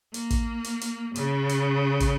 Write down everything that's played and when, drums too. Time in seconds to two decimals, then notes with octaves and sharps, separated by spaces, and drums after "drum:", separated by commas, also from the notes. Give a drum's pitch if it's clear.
0.14 A#3, drum: hi-hat
0.30 drum: kick, hi-hat
0.64 drum: hi-hat
0.81 drum: hi-hat
1.15 C#3, drum: hi-hat
1.49 drum: hi-hat
2.00 drum: kick, hi-hat